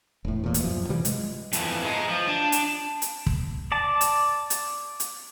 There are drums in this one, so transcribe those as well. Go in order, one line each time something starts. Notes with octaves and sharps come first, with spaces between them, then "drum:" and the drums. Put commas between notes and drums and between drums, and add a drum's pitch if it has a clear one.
E1 A2
E2 A#2
drum: hi-hat
F#2 F3
C3 E3 G3
G#3, drum: hi-hat
F2 E3, drum: hi-hat
G#3 D#4
F3
D4
drum: hi-hat
drum: hi-hat
drum: kick
D5 A5
drum: hi-hat
drum: hi-hat
drum: hi-hat